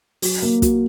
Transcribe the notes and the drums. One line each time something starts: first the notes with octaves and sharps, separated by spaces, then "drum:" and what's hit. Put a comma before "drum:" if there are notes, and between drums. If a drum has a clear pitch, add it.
F#3, drum: open hi-hat
A#3
F#4, drum: kick, hi-hat